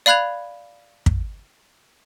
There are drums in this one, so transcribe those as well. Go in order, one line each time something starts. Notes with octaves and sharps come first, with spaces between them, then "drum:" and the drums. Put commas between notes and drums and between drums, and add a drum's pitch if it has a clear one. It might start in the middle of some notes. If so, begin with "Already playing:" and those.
D5 F5 B5 F#6 G#6 F7
drum: kick